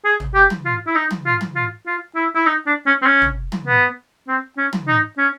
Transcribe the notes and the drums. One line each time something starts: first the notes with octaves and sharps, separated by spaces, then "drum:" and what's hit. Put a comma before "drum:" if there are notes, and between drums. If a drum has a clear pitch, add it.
G#4
drum: tom
G4
drum: tom
F4
E4
D#4
drum: tom
F4
drum: tom
F4
F4
E4
E4
D#4
D4
C#4
C4
C#4
drum: tom
drum: tom
B3
C4
C#4
drum: tom
D#4
C#4